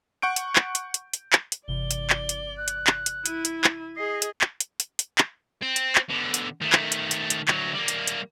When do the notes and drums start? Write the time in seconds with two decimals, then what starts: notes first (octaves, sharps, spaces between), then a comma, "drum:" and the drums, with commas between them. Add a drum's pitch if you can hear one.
0.22 F#5 C#6 G6 D7
0.36 drum: hi-hat
0.56 drum: clap
0.75 drum: hi-hat
0.94 drum: hi-hat
1.13 drum: hi-hat
1.33 drum: clap
1.52 drum: hi-hat
1.68 G1 C3 E3 D5 G7
1.91 drum: hi-hat
2.10 drum: clap
2.29 drum: hi-hat
2.57 F#6
2.68 drum: hi-hat
2.87 drum: clap
3.06 drum: hi-hat
3.26 E4 D#7, drum: hi-hat
3.45 drum: hi-hat
3.64 drum: clap
3.96 G#4 D#5 C7
4.22 drum: hi-hat
4.41 drum: clap
4.60 drum: hi-hat
4.80 drum: hi-hat
4.99 drum: hi-hat
5.18 drum: clap
5.62 C4
5.76 drum: hi-hat
5.95 drum: clap
6.09 B2 D3
6.34 drum: hi-hat
6.62 D#3 A3
6.73 drum: clap
6.92 drum: hi-hat
7.11 drum: hi-hat
7.30 drum: hi-hat
7.48 D2 F#3, drum: clap
7.74 G3 A#3
7.88 drum: hi-hat
8.07 drum: hi-hat